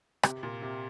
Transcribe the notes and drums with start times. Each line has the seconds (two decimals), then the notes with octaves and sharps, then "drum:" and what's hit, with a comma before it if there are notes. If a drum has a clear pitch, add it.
0.23 C3 G4, drum: rim click
0.43 A#2 A#3
0.62 C3 G4